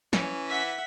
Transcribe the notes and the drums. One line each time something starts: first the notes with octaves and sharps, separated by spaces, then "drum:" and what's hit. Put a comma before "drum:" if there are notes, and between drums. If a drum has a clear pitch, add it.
E3 C#4, drum: snare
E5 F#5 B6